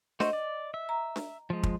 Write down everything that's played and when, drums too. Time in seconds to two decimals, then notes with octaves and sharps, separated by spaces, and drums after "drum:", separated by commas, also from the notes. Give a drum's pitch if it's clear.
0.20 A3 F#4 C5 D#5, drum: snare D4
0.33 D5
0.74 E5
0.89 A#5
1.16 drum: snare D4
1.50 F3 G#3
1.63 drum: kick